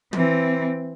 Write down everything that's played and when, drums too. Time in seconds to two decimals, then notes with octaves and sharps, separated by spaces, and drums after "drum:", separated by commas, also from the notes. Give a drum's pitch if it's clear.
0.13 E3 C4, drum: tom